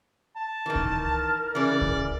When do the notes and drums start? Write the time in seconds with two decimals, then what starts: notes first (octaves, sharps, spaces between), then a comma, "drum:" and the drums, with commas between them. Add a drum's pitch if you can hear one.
0.36 A5
0.66 D#3 E3 A#4
0.75 drum: kick C#2
1.55 C#3 E3 D5
1.81 drum: kick C#2